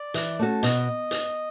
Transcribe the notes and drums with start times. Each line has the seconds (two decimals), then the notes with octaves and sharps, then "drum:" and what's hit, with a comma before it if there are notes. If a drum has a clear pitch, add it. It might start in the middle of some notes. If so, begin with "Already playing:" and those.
Already playing: D5
0.14 E3, drum: hi-hat
0.39 A3 C#4 F#4 A4
0.63 B2 D#5, drum: hi-hat
1.11 drum: hi-hat